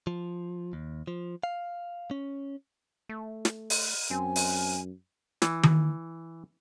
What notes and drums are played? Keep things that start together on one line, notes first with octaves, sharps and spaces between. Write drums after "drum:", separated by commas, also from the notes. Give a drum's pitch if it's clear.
F3
D#2
F3
F5
C#4
A3
drum: snare
drum: open hi-hat
F#2 C4 G#5
drum: open hi-hat
E3, drum: snare
drum: tom D#3